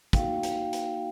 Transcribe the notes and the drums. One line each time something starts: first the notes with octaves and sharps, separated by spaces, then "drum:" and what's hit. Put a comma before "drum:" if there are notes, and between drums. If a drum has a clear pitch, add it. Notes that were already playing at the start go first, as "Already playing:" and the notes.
A#3 D#4 F#4 F5 G5, drum: kick, hi-hat
drum: hi-hat
drum: hi-hat